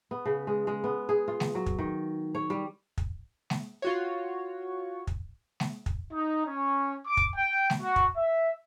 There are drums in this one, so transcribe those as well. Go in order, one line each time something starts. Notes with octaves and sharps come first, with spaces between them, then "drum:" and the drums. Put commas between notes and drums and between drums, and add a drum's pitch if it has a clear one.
B3
C#3
G#3
G#3
B3
G#4
F4
drum: snare G#3
F#3
drum: kick
D#3
C#5
G3
drum: kick
drum: snare G#3
F4 F#4 C#5
drum: kick
drum: snare G#3
drum: kick
D#4
C#4
D6
drum: kick
G5
drum: snare G#3
F#4
drum: kick
E5